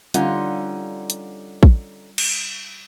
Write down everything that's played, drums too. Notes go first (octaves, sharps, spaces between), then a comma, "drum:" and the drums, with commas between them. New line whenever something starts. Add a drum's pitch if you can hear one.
D3 G3 C#4 D#4 F4 F#5, drum: hi-hat
drum: hi-hat
drum: kick
drum: cymbal